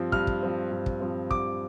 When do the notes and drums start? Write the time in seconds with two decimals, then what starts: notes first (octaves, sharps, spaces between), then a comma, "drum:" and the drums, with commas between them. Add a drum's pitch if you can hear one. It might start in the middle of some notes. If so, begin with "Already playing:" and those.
Already playing: G2 F3 C4
0.12 G2 F6, drum: kick
0.27 drum: kick
0.43 F3 C4
0.71 G2
0.86 drum: kick
1.01 F3 C4
1.31 G2 D6, drum: kick